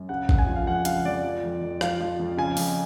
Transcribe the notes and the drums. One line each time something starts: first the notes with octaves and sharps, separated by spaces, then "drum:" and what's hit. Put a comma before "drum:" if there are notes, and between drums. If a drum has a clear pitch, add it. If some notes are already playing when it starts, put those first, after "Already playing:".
Already playing: F#2
C#3 F#5
F2, drum: kick A1
G#5
F3
F5
F2 F#5
C#3 F5, drum: hi-hat
F2 D5
F3
F2
F2
F3 F5, drum: rim click
F3
F2
C#3 G#5
F2, drum: open hi-hat